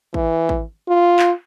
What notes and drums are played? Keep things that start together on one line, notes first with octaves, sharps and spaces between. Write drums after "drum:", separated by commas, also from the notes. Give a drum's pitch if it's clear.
E3, drum: kick
drum: kick
F4
drum: clap